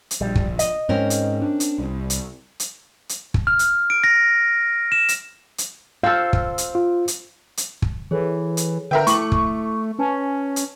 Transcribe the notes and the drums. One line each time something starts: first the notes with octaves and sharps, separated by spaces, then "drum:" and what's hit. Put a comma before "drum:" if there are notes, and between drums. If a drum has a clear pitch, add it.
drum: hi-hat
A#1 G3
drum: kick
D#5, drum: hi-hat
G#2 G#3 C4 C#4 A#4
drum: hi-hat
D4
drum: hi-hat
C2
drum: hi-hat
drum: hi-hat
drum: hi-hat
drum: kick
F6
drum: hi-hat
D7
A#6
E7
drum: hi-hat
drum: hi-hat
C4 A4 F5
drum: kick
drum: hi-hat
F4
drum: hi-hat
drum: hi-hat
drum: kick
E3 G#4 A4 C#5
drum: hi-hat
D3 A#4 B4 E5 G5
A3 E4 C#6 D6 F#7, drum: hi-hat
drum: kick
C#4 B4 G#5 A5
drum: hi-hat